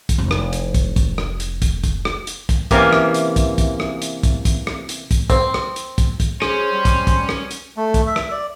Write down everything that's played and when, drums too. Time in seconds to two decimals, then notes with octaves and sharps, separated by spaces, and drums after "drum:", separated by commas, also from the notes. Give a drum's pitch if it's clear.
0.09 drum: kick, hi-hat
0.18 F1 E4
0.31 drum: rim click
0.53 drum: hi-hat
0.74 drum: kick, hi-hat
0.96 drum: kick, hi-hat
1.18 drum: rim click
1.40 drum: hi-hat
1.62 drum: kick, hi-hat
1.84 drum: kick, hi-hat
2.05 drum: rim click
2.27 drum: hi-hat
2.49 drum: kick, hi-hat
2.71 C3 E3 A#3 C#4, drum: kick, hi-hat
2.93 drum: rim click
3.14 drum: hi-hat
3.36 drum: kick, hi-hat
3.58 drum: kick, hi-hat
3.80 drum: rim click
4.02 drum: hi-hat
4.23 drum: kick, hi-hat
4.45 drum: kick, hi-hat
4.67 drum: rim click
4.89 drum: hi-hat
5.11 drum: kick, hi-hat
5.30 C4, drum: kick, hi-hat
5.54 drum: rim click
5.76 drum: hi-hat
5.98 drum: kick, hi-hat
6.20 drum: kick, hi-hat
6.42 C#4 G#4 C5, drum: rim click
6.72 G3
6.85 drum: kick, hi-hat
7.07 drum: kick, hi-hat
7.29 drum: rim click
7.51 drum: hi-hat
7.77 A3
7.94 drum: kick, hi-hat
8.07 E5
8.16 drum: rim click
8.31 D5